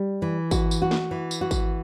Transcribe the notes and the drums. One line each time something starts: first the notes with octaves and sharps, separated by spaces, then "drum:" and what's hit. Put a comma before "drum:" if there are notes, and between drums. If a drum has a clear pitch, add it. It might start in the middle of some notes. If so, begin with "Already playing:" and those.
Already playing: G3
E3
F#4, drum: kick G#1, tambourine
drum: tambourine
F#4
drum: snare
E3
drum: tambourine
F#4
drum: kick G#1, tambourine